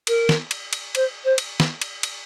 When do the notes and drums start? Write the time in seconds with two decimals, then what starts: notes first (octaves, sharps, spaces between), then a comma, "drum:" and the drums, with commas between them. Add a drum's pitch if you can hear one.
0.07 A#4, drum: cymbal
0.29 drum: snare
0.51 drum: cymbal
0.73 drum: cymbal
0.95 C5, drum: cymbal
1.24 C5
1.38 drum: cymbal
1.60 drum: snare
1.82 drum: cymbal
2.03 drum: cymbal